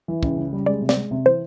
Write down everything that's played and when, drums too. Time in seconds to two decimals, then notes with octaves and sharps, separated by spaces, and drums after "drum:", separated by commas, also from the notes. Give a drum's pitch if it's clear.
0.08 E3
0.23 C#2, drum: kick
0.37 C#3
0.52 G3
0.66 G#3 D5
0.81 C3
0.89 D5, drum: snare
0.96 G#3
1.11 C3
1.26 E3 C5